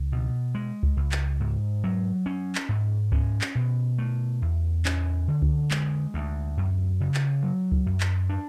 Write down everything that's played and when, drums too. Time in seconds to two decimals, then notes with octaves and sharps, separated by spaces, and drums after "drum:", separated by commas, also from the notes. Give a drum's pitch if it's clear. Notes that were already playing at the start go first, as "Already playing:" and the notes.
Already playing: C#2
0.12 B2
0.55 G#3
0.83 drum: kick C#2
0.97 C#2
1.12 drum: clap
1.40 G#2
1.84 F#3
2.26 C#4
2.55 drum: clap
2.69 G#2
3.12 C#4, drum: kick C#2
3.41 drum: clap
3.55 B2
3.98 A3
4.42 E2
4.85 C#4, drum: clap
5.28 D3
5.42 drum: kick C#2
5.71 G#3, drum: clap
6.14 D2
6.57 F#2
7.00 C#3
7.14 drum: clap
7.43 F#3
7.72 drum: kick C#2
7.86 F#2
8.00 drum: clap
8.29 D4